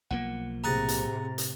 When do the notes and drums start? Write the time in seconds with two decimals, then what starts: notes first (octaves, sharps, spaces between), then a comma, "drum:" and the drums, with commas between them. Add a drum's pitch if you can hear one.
0.11 B1 F3 A#3 F#5
0.64 A2 C3 G#4 F#5 A#5 A6 A#6
0.88 drum: hi-hat
1.38 drum: hi-hat